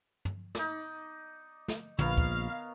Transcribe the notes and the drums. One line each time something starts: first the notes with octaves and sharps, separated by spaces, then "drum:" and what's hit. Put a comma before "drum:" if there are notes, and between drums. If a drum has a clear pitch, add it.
drum: tom
D#4 D5, drum: snare
drum: snare
A#1 B3 A#4 C#5 F5, drum: tom
drum: kick